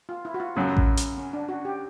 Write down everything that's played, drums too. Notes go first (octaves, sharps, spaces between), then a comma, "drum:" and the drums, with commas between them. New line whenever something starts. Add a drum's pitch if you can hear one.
F4
E4
F#4
F4
F#2 C#3 F#3 F#4
drum: kick A1
drum: hi-hat
C#4
D4
F#4
G4